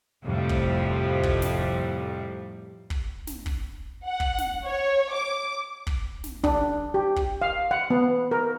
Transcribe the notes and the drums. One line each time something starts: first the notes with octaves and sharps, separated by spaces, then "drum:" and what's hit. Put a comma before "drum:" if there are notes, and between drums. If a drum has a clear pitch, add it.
F2 A2 C3 F3 G3
drum: kick
drum: kick
drum: snare
drum: kick
drum: snare
drum: kick
F#5
drum: kick
drum: snare
C#5
D6
drum: kick
drum: snare
D4, drum: kick
G4
drum: kick
F5
F#5
B3
A#4